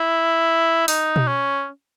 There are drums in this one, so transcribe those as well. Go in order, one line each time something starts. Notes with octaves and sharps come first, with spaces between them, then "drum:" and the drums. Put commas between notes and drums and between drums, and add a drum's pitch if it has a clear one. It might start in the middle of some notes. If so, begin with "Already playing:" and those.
Already playing: E4
D#4, drum: open hi-hat
drum: tom B2
C#4